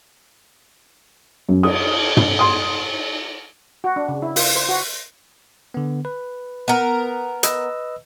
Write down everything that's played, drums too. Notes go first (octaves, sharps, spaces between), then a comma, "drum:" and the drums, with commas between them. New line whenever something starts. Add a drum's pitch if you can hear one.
F#2
D#6, drum: cymbal
drum: tom
C6 D#6
F#4
D4
C#3
E4
F4, drum: open hi-hat
C5
F#4
D3 B3
B4
B3 A#4
B4 D#5 E6, drum: hi-hat